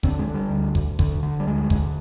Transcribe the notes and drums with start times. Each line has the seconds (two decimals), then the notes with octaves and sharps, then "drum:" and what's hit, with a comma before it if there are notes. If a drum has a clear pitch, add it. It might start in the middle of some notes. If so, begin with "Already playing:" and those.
0.03 D3 C4, drum: kick
0.19 G#3
0.27 D3
0.34 G3
0.50 D2
0.75 D2, drum: kick
0.99 D3, drum: kick
1.23 D3
1.40 G3
1.47 D2 G#3
1.70 D2, drum: kick